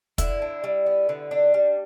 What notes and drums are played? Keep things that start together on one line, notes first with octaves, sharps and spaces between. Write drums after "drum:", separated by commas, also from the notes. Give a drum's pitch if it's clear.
D3 E4, drum: kick, hi-hat
D4
G3
B3
D3
D4
G3